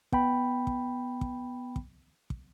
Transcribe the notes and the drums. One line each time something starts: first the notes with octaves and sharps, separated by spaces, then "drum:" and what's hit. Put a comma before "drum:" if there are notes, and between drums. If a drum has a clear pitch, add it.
B3 G5 B5, drum: kick
drum: kick
drum: kick
drum: kick
drum: kick